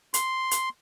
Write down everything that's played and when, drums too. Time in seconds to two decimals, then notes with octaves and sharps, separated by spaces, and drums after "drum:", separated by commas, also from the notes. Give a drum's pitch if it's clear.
0.14 C6, drum: hi-hat
0.51 drum: hi-hat